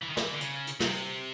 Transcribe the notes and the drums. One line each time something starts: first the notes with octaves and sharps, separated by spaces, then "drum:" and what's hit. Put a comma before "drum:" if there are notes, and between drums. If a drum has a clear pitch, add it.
E3
D#3
E3, drum: snare
D3
C#3, drum: hi-hat
drum: hi-hat
C3, drum: snare
drum: open hi-hat